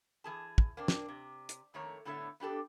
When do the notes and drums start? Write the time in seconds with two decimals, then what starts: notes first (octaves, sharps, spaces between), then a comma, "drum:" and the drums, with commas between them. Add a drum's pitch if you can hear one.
0.24 E3 G#4 A5
0.58 drum: kick
0.77 A#3 C4 D4
0.88 drum: snare
1.08 C3
1.49 drum: hi-hat
1.74 F2 D#3 A3 A#3 C#5
2.05 A2 D3 B3 A4 C#5 E5
2.40 B3 D4 G4 A4